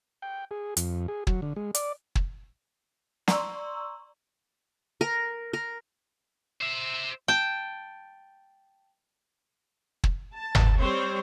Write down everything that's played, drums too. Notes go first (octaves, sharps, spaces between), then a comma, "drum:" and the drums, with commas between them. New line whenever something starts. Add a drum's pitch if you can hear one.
G5
G#4
F2, drum: hi-hat
G#4
F#3, drum: kick
D3
G#3
D5, drum: hi-hat
drum: kick
D5 A#5 C6 C#6 E6, drum: snare
A#4
A#4
C5 E5
G5 A5
drum: kick
A5
drum: tom G1
G3 C4 C5 C#5